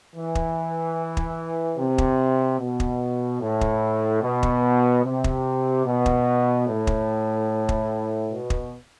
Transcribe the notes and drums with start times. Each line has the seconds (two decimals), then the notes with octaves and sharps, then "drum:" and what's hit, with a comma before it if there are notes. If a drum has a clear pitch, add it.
0.15 E3
0.35 drum: kick
1.17 drum: kick
1.78 C3
1.98 drum: kick
2.60 B2
2.80 drum: kick
3.41 A2
3.61 drum: kick
4.22 B2
4.43 drum: kick
5.04 C3
5.24 drum: kick
5.86 B2
6.06 drum: kick
6.67 A2
6.87 drum: kick
7.69 drum: kick
8.30 B2
8.50 drum: kick